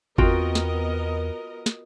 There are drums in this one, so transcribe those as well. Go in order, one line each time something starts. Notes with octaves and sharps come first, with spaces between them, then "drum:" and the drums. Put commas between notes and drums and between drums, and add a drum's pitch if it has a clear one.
E2 B3 C4 F4 F#4 A#4 D#5 G5, drum: kick G1
drum: snare
drum: snare